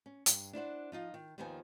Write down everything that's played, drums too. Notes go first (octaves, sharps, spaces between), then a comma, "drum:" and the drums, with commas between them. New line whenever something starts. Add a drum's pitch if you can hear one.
C#4
G2, drum: hi-hat
D4 E4 C5 F#5
F3 D#4 F4
D#3
D#2 D#3 F3 B3 D#4 G#5